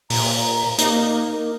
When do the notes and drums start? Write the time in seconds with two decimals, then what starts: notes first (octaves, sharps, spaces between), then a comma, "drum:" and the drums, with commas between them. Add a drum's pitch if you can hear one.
0.10 A#2 A#5, drum: open hi-hat
0.78 A#3 D#4, drum: hi-hat
1.32 A#4